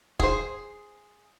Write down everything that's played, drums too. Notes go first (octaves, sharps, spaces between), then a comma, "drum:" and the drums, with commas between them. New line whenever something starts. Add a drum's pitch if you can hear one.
G#4 C5, drum: kick E1